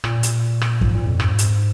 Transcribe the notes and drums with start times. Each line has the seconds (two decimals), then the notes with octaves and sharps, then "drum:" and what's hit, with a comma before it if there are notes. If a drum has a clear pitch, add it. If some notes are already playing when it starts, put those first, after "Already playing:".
0.04 A#2, drum: rim click
0.23 drum: hi-hat
0.61 drum: rim click
0.81 G#2, drum: kick
0.94 A#2
1.06 F2
1.20 G#2, drum: rim click
1.39 drum: hi-hat